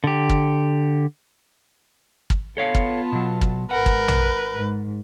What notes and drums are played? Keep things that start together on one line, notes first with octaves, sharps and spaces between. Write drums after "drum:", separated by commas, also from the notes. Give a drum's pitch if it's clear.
D3 G4
drum: kick
drum: kick
B3 F4 A4 C#5 F5 A5
drum: kick
B2 F#3
drum: kick
G#1 A#4 B4 F#5
drum: kick
drum: tom A#1
G#2